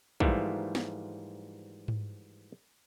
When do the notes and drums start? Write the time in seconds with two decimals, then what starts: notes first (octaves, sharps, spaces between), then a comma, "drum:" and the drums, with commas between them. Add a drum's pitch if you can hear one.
0.20 G#2 E3 F3 G3 A3 A#3, drum: kick
0.75 drum: snare
1.88 drum: tom G#2